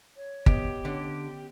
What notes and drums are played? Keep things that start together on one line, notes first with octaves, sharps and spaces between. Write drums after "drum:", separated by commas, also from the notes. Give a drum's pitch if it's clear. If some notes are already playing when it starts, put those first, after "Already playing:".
C#5
B3 G4 D#5, drum: kick G1
D3 C#4